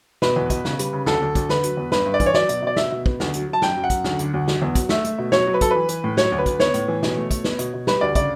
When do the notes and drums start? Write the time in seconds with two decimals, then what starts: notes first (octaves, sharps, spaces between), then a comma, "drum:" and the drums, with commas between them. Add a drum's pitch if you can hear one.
0.22 B2 B4, drum: snare
0.36 E2
0.50 B2, drum: kick, hi-hat
0.65 C#3, drum: snare
0.79 G3, drum: hi-hat
0.93 C#3
1.06 D2 A4, drum: snare
1.22 D2
1.35 D2, drum: kick, hi-hat
1.49 D3 B4, drum: snare
1.63 F#3, drum: hi-hat
1.77 E2
1.92 G2 B4, drum: snare
2.06 G2
2.14 D5
2.20 E3, drum: kick, hi-hat
2.26 C#5
2.34 F#3 D5, drum: snare
2.49 B2, drum: hi-hat
2.62 B2 D5
2.76 B2 E5, drum: snare
2.91 B2
3.06 B3, drum: kick
3.20 D2, drum: snare
3.34 F#3, drum: hi-hat
3.48 F#3
3.53 A5
3.62 F#2 G5, drum: snare
3.76 F#2
3.84 F#5
3.90 F#2, drum: kick, hi-hat
4.04 D2, drum: snare
4.19 D3, drum: hi-hat
4.34 D2
4.48 F#3, drum: snare
4.62 E2
4.75 F#3, drum: kick, hi-hat
4.89 A3 E5, drum: snare
5.05 A3, drum: hi-hat
5.18 B2
5.32 F#3 C#5, drum: snare
5.47 F#3
5.54 B4
5.61 F#3 A4, drum: kick, hi-hat
5.71 E3 B4
5.89 E3, drum: hi-hat
6.04 A2
6.17 F#3 C#5, drum: snare
6.32 D2
6.38 B4
6.46 D2, drum: kick, hi-hat
6.60 B3 C#5, drum: snare
6.74 A2, drum: hi-hat
6.88 E3
7.03 B2, drum: snare
7.17 A3
7.31 B2, drum: kick, hi-hat
7.44 B3, drum: snare
7.59 B2, drum: hi-hat
7.74 B2
7.87 G3 B4, drum: snare
8.01 D2 D5
8.15 C#3 D5, drum: kick, hi-hat